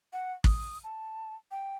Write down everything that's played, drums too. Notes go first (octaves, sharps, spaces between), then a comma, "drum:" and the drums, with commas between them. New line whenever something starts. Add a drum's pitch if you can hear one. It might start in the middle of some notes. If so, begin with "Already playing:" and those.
F#5
D#6, drum: kick
A5
G5